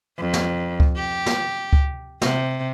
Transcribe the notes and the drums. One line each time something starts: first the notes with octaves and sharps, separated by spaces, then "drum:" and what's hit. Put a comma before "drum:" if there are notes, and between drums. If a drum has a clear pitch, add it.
F2
drum: snare
drum: kick C#2
G4
drum: snare
drum: kick C#2
C3, drum: snare